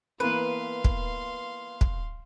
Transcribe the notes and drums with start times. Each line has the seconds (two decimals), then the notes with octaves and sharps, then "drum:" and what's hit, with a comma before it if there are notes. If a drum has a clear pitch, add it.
0.20 E3 A#3 B3 B4 F5 C6
0.84 drum: kick
1.81 drum: kick